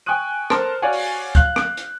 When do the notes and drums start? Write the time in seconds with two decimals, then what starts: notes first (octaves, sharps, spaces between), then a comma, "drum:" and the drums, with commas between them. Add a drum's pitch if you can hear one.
0.06 G5 G#5 C#6 D#6 F#6 D#7
0.50 A4 A#4 C5 A5 C6, drum: rim click
0.82 F#4 C#5 D5 F5 F#5 G#5
0.93 drum: open hi-hat
1.35 F5 F#6 G6, drum: kick, hi-hat
1.56 drum: rim click
1.77 drum: hi-hat